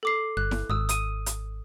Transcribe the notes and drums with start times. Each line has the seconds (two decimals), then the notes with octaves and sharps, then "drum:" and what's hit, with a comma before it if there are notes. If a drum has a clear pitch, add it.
0.03 A4 D6 C7
0.37 G1 F#6
0.51 drum: snare E4
0.70 G#1 D#6 E6
0.89 D#6 D#7, drum: hi-hat
1.26 drum: hi-hat